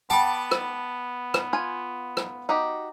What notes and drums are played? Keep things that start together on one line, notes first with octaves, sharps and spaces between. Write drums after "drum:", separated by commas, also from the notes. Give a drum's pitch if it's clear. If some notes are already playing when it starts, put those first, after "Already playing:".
B3 F#5 G5 A5 B5 D6
drum: rim click
drum: rim click
F4 G#5
drum: rim click
D#4 F#4 G4